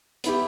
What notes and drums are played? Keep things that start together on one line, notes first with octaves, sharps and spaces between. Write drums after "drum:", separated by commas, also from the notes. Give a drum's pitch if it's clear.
B3 E4 G4, drum: hi-hat